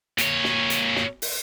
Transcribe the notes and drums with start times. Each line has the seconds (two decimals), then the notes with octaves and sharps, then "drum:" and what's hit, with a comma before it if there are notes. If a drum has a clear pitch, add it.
0.18 A#2 C#5, drum: hi-hat
0.44 drum: snare
0.70 drum: hi-hat
0.96 drum: snare
1.22 drum: open hi-hat